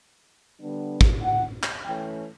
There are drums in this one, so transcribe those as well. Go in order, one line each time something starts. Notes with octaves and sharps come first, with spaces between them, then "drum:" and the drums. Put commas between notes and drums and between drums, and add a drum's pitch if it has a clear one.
D3 G3 B3 D4
drum: kick
F#5
drum: clap
E3 A3 C#4 G5